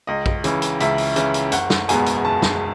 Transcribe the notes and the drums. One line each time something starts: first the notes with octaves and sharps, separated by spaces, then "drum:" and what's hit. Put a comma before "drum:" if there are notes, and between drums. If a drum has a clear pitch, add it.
C#2 D#5
drum: kick
C#3 E3, drum: hi-hat
drum: hi-hat
C#2 E5, drum: hi-hat
drum: open hi-hat
C#3 E3, drum: hi-hat
drum: hi-hat
F#1 F#5, drum: hi-hat
drum: snare
E2 B2 G#3 B3 G#5, drum: hi-hat
drum: hi-hat
F#1 A5
drum: snare